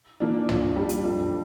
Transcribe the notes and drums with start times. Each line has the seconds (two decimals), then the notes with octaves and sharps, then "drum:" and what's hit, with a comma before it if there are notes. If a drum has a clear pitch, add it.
0.20 E3 A#3 D4
0.49 A#2, drum: tom
0.76 G3 D4
0.89 drum: hi-hat
1.05 F2